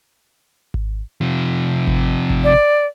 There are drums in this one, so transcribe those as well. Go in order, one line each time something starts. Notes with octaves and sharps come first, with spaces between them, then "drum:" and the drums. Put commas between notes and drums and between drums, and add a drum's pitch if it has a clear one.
drum: kick G#1
C3 F3
drum: kick G#1
drum: kick G#1
D5